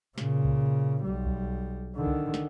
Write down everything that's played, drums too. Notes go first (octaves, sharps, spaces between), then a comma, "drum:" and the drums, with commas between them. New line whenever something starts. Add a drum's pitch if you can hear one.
A#2 C#3, drum: snare
drum: kick C2
B1 G3
drum: kick C2
D3 D#3
drum: kick C2
drum: snare